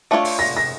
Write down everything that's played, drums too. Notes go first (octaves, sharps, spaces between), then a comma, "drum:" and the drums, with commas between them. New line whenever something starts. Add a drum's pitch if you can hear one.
A3 D4 F4 C#5
drum: open hi-hat
A#6
A#6